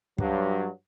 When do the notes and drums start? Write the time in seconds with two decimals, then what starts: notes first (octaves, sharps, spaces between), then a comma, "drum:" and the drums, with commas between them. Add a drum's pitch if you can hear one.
0.18 G2 F#3, drum: kick